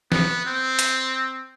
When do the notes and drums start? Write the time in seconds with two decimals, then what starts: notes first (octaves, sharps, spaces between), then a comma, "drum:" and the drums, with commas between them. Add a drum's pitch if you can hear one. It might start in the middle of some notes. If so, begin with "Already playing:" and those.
0.12 B3, drum: snare
0.46 C4
0.79 drum: hi-hat